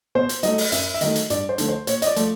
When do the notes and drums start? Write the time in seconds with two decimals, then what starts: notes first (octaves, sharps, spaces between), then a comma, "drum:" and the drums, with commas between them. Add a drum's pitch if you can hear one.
0.15 B2 C5
0.29 drum: hi-hat
0.43 F#3 A3 D#5, drum: hi-hat
0.58 drum: open hi-hat
0.72 F#2 E5, drum: hi-hat
0.94 E5
1.01 D#3 F#3 A3 D#5, drum: hi-hat
1.15 drum: hi-hat
1.30 G2 D5, drum: hi-hat
1.49 C5
1.58 D3 F3 A3, drum: hi-hat
1.68 C5
1.87 A#2 C#5, drum: hi-hat
2.02 D#5, drum: hi-hat
2.07 D5
2.16 F3 A3, drum: hi-hat